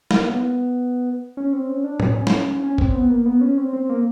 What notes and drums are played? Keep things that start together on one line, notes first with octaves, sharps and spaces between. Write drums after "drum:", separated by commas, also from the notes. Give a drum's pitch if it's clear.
A#3, drum: snare
B3
C#4
C4
C#4
D4
C#4, drum: tom A2
C#4
drum: snare
C#4
C4, drum: kick
B3
A#3
B3
C#4
C4
C4
A#3